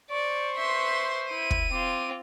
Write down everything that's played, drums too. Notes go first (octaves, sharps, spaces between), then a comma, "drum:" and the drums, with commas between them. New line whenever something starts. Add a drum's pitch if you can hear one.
C5 D5 C#6
B4 E5 C6
E4 D#7
drum: kick
C4 F4 D6